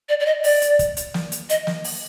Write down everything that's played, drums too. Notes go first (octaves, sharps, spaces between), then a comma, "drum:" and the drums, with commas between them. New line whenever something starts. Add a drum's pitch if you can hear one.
D5
D5
D#5
D5, drum: open hi-hat
drum: hi-hat
drum: kick, hi-hat
drum: hi-hat
drum: snare
drum: hi-hat
D#5, drum: hi-hat
drum: snare
drum: open hi-hat